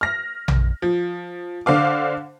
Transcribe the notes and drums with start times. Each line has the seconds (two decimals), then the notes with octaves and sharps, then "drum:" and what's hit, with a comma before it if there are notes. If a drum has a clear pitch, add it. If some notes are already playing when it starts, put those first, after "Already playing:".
0.01 F6 A#6
0.48 drum: tom A#1
0.82 F3
1.66 D3 C5 F5 D6